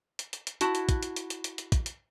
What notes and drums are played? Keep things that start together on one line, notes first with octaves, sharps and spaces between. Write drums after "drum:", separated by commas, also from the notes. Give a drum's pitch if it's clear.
drum: hi-hat
drum: hi-hat
drum: hi-hat
E4 F#4 A5, drum: hi-hat
drum: hi-hat
drum: kick, hi-hat
drum: hi-hat
drum: hi-hat
drum: hi-hat
drum: hi-hat
drum: hi-hat
drum: kick, hi-hat
drum: hi-hat